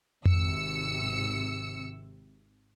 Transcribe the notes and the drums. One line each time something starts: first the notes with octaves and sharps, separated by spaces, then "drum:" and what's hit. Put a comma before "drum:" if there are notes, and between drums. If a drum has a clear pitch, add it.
G#1 C3 E6 C#7, drum: tom F2